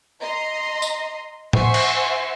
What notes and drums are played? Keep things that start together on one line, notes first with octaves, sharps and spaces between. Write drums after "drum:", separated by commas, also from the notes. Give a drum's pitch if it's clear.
D#5 A#5 C6
drum: tambourine
C5 E5 F#5 G#5 C6 C#6, drum: tom A2
drum: cymbal